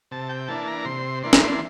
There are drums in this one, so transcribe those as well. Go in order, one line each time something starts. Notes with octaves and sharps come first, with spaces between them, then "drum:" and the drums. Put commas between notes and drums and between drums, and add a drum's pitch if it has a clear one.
C3 A5
G5
E3 A#3 D4 A5
A#5
C3 C6
E3 A#3 D4 C6
A#5, drum: snare
C6